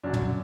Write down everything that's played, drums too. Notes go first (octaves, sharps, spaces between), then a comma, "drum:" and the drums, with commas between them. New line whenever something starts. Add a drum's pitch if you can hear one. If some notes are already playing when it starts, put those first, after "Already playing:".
F#2 D3 F#3 D4
drum: tom